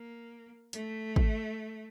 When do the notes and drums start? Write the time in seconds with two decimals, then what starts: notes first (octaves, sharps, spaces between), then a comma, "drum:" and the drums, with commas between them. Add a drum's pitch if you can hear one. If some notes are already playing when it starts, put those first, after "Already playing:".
Already playing: A#3
0.73 A3, drum: hi-hat
1.16 drum: kick G#1